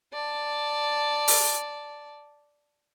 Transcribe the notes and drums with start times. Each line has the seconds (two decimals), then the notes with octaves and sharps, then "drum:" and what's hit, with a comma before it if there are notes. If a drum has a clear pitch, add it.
0.13 D5 A5
1.28 drum: open hi-hat